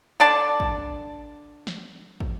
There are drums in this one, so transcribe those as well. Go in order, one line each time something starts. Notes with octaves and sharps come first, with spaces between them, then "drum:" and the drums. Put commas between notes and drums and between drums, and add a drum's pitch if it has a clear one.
D3 D4 D5 A5
drum: kick
drum: snare
drum: kick